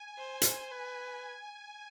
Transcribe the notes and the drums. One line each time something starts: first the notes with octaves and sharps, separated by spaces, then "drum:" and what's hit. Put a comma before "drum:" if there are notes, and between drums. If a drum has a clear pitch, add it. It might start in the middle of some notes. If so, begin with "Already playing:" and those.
Already playing: G#5
C5
drum: hi-hat
B4